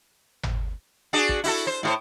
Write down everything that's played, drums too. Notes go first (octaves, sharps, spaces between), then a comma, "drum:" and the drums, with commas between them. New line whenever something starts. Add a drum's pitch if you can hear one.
drum: tom G#1
D4 F#4 G#4
drum: kick
E4 F#4 A4, drum: open hi-hat
C5
A2 F4 C5